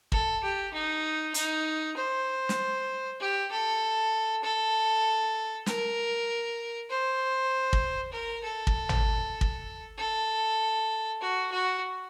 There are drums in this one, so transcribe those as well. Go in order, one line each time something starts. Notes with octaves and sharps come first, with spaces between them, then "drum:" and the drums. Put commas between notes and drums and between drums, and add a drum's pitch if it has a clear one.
A4, drum: kick
G4
D#4
D#4, drum: hi-hat
C5
drum: snare
G4
A4
A4
A#4, drum: snare
C5
drum: kick
A#4
A4
drum: kick
drum: tom
drum: kick
A4
F#4
F#4